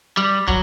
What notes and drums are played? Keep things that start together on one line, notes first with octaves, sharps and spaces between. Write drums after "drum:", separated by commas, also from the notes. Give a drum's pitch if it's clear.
G3
F#3, drum: kick